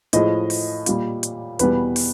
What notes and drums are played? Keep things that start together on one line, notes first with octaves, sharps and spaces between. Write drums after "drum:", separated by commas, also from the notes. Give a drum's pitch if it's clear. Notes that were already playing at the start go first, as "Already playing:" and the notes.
A2 F3 G#3 D#5, drum: hi-hat
drum: open hi-hat
A#2 G3, drum: hi-hat
drum: hi-hat
E2 B2 G3 B4, drum: hi-hat
drum: open hi-hat